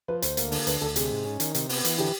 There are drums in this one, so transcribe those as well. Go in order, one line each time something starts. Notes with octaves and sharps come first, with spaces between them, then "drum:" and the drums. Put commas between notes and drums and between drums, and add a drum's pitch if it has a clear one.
F3 B4
D2 C5, drum: hi-hat
A#3, drum: hi-hat
D3, drum: open hi-hat
D2 B4, drum: hi-hat
D2 A4
C3 G#4, drum: hi-hat
G#2
C#4
D#3, drum: hi-hat
C3, drum: hi-hat
B3, drum: open hi-hat
E3, drum: hi-hat
D3 G4